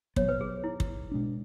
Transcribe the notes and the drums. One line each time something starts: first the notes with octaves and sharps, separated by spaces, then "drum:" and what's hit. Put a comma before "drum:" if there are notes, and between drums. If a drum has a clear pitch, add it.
B2 F#3 B3 C#5, drum: kick
B4
G#4
E4
drum: kick
B2 G#3 D4